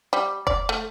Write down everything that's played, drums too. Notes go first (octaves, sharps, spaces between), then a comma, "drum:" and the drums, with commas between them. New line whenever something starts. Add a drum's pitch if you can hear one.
G3
D5, drum: kick F1
A3